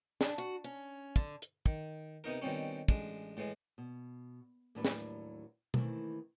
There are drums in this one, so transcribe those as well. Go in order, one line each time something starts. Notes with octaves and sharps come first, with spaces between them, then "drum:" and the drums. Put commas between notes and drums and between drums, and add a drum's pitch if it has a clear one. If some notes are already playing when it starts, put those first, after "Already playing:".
D4, drum: snare
F#4
C#4
D3, drum: kick
drum: hi-hat
D#3, drum: kick
C3 B3 D#4 A#4
B2 D#3 G3 C4 C#4
A1 G#3 D4, drum: kick
A2 E3 G#3
B2
D#2 A2 F#3 G3 D4 B4
drum: snare
D#3 E3 G3 A3 A#3 C4, drum: tom B2